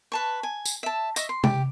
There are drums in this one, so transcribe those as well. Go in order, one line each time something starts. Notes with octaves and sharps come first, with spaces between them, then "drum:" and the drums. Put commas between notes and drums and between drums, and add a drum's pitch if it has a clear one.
B4 A5 C#6
G#5
drum: tambourine
E5 A5
D#5 E5 C#6, drum: tambourine
C6
G4, drum: tom